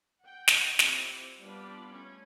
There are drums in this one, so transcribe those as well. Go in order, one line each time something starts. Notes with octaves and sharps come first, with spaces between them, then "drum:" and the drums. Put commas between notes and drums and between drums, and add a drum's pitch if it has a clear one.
F#5 G5
drum: snare
C4 E4 F4 G4 C5 D5, drum: snare
G3 B3 D4 F4 D5 B5
A3 C#4